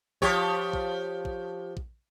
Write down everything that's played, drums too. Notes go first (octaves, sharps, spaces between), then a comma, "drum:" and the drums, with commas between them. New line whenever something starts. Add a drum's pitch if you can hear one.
F3 G4 C#5, drum: kick
drum: kick
drum: kick
drum: kick